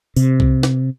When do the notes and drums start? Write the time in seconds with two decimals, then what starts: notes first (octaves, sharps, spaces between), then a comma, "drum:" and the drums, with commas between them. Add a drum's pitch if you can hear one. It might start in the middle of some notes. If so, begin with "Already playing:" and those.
0.16 C3, drum: tambourine
0.40 drum: kick C2
0.63 drum: snare